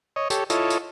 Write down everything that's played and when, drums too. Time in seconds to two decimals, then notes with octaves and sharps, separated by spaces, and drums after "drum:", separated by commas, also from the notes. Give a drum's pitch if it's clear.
0.16 C#5 D#5
0.30 G4 A4 C#5, drum: tambourine
0.50 E4 F4 A4 C#5 D#5, drum: tambourine
0.70 drum: tambourine